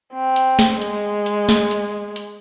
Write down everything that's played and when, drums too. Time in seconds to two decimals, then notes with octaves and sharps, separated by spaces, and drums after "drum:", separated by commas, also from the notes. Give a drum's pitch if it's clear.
0.13 C4
0.36 drum: hi-hat
0.59 drum: snare
0.81 G#3, drum: hi-hat
1.26 drum: hi-hat
1.49 drum: snare
1.71 drum: hi-hat
2.16 drum: hi-hat